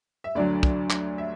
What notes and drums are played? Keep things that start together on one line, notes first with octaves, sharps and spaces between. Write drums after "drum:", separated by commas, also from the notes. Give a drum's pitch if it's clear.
E5
D2 D3 F#3 D5
drum: kick
drum: clap
E5